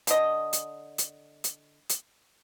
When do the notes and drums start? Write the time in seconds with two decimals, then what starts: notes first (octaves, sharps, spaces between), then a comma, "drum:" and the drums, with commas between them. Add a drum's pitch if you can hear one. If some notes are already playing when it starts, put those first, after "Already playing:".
0.07 D3 D#5, drum: hi-hat
0.53 drum: hi-hat
0.98 drum: hi-hat
1.44 drum: hi-hat
1.90 drum: hi-hat